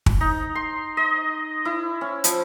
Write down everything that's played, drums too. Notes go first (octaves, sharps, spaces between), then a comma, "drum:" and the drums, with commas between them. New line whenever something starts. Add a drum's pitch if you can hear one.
drum: kick
D#4
C6
D#5
E4
C#4
F3, drum: hi-hat